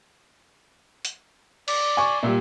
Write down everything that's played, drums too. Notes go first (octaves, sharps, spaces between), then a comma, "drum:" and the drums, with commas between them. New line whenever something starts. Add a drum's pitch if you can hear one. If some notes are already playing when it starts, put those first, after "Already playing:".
drum: hi-hat
D5, drum: cymbal
G#5 C#6
A#2 G3 E5